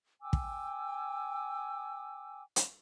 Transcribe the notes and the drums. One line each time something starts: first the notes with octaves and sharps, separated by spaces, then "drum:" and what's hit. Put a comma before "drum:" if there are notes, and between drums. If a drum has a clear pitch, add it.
G5 G#5 D6 E6
drum: kick
drum: hi-hat